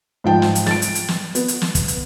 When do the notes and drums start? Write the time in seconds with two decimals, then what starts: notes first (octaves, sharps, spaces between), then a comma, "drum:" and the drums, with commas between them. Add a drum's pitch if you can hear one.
0.24 G#2 F3 G5 A5
0.42 drum: snare
0.55 drum: hi-hat
0.66 A6 D7, drum: snare
0.82 drum: hi-hat
0.95 drum: hi-hat
1.08 drum: snare
1.35 B3, drum: hi-hat
1.48 drum: hi-hat
1.62 drum: snare
1.75 drum: kick, hi-hat
1.88 drum: hi-hat